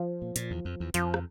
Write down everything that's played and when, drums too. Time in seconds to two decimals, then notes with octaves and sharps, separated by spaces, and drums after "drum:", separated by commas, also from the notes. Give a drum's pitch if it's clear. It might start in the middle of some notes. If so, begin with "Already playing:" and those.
Already playing: F3
0.22 A#2
0.36 A#2, drum: hi-hat
0.51 E2
0.65 F2
0.80 E2
0.94 F2 F3, drum: hi-hat
1.14 drum: rim click